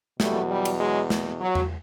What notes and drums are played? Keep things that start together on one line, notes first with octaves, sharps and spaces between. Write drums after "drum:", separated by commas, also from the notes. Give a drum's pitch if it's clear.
E2 B2 F#3 G3 A3, drum: snare
G3
drum: cymbal
F#3 G#3
drum: snare
F#3
drum: tom E2